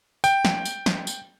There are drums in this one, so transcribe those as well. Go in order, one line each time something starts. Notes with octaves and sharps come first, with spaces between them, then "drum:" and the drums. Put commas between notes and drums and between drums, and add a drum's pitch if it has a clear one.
G5, drum: tambourine
drum: snare
drum: tambourine
drum: snare
drum: tambourine